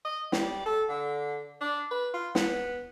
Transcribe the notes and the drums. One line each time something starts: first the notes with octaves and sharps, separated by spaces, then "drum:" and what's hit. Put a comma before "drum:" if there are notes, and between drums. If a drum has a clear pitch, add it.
D#5
G3, drum: snare
A4
D3
D4
B4
F4
B3, drum: snare